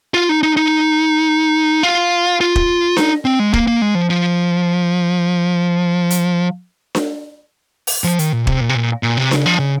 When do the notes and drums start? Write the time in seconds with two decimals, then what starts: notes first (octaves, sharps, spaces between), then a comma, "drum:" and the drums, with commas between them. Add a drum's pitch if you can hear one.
0.14 F4
0.29 D#4
0.43 D#4
0.57 D#4
1.83 F4
2.41 F4
2.56 drum: kick
2.97 D#4, drum: snare D4
3.25 C4
3.39 G#3
3.53 A#3, drum: kick
3.67 A#3
3.82 G#3
3.95 F3
4.10 F3
6.10 drum: hi-hat
6.95 drum: snare D4
7.87 drum: open hi-hat
8.04 F3
8.19 D#3, drum: hi-hat
8.32 A#2
8.47 C3, drum: kick
8.61 A#2
8.69 C3
8.75 A#2
9.03 A#2
9.17 C3
9.31 C#3, drum: snare D4
9.46 F3
9.60 C#3